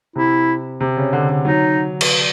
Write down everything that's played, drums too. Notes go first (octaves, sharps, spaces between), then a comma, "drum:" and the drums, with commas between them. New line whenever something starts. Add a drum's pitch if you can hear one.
C3 E4
C3
C#3
D3
D3
F#3 D#4
drum: cymbal